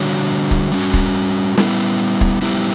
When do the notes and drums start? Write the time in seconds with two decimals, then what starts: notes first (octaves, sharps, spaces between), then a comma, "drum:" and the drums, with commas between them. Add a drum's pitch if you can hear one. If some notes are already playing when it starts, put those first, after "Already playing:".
Already playing: D3 G3 D4 F#4 C#5
0.51 drum: kick
0.72 G3 C#4 F#4
0.93 drum: kick
1.57 G3 B3 E4, drum: snare
2.21 drum: kick
2.42 G3 B3 E4 G4